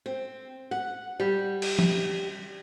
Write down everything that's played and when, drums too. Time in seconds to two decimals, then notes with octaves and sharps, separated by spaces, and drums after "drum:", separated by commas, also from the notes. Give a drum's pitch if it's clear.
0.06 C4
0.71 F#5
1.20 G3
1.62 drum: cymbal
1.79 drum: tom F3